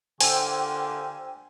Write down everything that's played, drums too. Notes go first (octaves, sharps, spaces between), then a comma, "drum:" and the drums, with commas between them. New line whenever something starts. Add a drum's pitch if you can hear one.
D3 A#3 F4 G4 C5 G5 G#5 E6, drum: open hi-hat